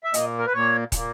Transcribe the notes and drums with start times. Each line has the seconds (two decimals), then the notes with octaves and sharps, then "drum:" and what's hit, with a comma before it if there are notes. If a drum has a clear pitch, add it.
0.04 E5
0.14 A#2 A#3 D#5, drum: hi-hat
0.38 A#4
0.46 B4
0.53 A#2 A#3 C#5
0.92 A#2 A#3, drum: kick, hi-hat